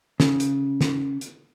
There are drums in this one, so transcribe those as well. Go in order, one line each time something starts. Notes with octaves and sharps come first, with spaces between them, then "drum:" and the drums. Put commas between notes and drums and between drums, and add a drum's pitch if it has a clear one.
C#3, drum: snare
drum: hi-hat
drum: snare
drum: hi-hat